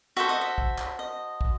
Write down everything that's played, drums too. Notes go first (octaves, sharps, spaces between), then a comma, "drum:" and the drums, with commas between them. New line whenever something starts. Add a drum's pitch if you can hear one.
F#4 A4 C5 E5
D#5
E5
drum: kick
drum: clap
D#5
drum: kick